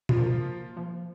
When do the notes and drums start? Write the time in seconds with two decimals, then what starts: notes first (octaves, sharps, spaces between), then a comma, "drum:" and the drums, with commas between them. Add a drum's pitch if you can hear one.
0.09 F3 F4, drum: tom
0.19 A#3
0.77 F3